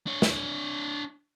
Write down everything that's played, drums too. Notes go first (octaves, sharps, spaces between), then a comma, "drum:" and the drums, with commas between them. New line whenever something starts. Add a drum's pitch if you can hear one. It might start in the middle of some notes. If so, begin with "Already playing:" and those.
D4 C#5
drum: snare